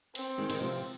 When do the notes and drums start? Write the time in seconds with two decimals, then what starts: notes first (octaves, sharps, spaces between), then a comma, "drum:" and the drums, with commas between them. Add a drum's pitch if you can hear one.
0.15 C4, drum: cymbal
0.38 D#3 G#3
0.50 D#3, drum: cymbal
0.61 C3 F3